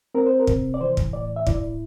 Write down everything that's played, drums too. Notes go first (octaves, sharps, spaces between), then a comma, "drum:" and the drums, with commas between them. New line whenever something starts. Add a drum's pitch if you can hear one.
C4 A#4
C5
A#4
C3, drum: kick
D5
E3 C5
drum: kick
A2 D5
E5
E4 D5, drum: kick